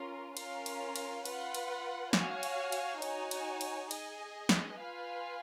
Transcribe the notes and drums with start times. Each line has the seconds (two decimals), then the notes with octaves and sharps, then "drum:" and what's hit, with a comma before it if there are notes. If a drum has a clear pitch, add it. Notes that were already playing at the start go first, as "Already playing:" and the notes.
Already playing: C#4 F4 A#4
0.37 C#4 F4 A#4 F5, drum: cymbal
0.66 drum: cymbal
0.96 drum: cymbal
1.25 F4 B4 F#5, drum: cymbal
1.54 drum: cymbal
2.13 F#4 C#5 F5 G#5, drum: snare
2.43 drum: cymbal
2.72 drum: cymbal
3.02 D#4 F#4 C#5 G#5, drum: cymbal
3.31 drum: cymbal
3.61 drum: cymbal
3.91 G#4 D#5 G#5, drum: cymbal
4.49 drum: snare
4.79 F4 B4 F5 G#5